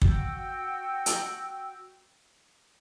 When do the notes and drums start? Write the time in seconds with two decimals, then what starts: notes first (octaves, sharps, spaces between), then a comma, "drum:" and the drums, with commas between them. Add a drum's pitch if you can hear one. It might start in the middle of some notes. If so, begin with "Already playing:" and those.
0.02 F#4 G5 E6, drum: kick
1.06 drum: hi-hat